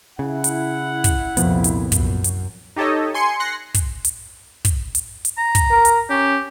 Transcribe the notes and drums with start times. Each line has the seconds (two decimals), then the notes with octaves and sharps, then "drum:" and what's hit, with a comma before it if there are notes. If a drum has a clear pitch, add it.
0.19 C#3 E4 F#5
0.44 drum: hi-hat
1.04 drum: kick, hi-hat
1.37 C2 F2 A#2 F3 B3, drum: hi-hat
1.64 drum: hi-hat
1.92 F#2, drum: kick, hi-hat
2.24 drum: hi-hat
2.76 D#4 G4 A4 C#5 D#5
3.14 G#5 C6 C#7
3.40 C6 F#6 A#6 C7 C#7
3.74 drum: kick, hi-hat
4.05 drum: hi-hat
4.65 drum: kick, hi-hat
4.95 drum: hi-hat
5.25 drum: hi-hat
5.38 A#5
5.55 drum: kick, hi-hat
5.71 A#4
5.85 drum: hi-hat
6.10 C#4 G4